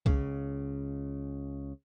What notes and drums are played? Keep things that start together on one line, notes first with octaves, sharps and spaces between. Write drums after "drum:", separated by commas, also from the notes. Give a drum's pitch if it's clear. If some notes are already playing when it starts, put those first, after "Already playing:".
C#2 C#3, drum: kick C2